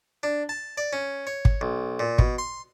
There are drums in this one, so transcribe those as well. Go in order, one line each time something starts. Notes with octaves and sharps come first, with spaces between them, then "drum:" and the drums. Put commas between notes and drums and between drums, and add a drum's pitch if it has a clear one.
D4
A5
D5
C#4
C#5
drum: kick
B1
A#2
B2, drum: kick
C6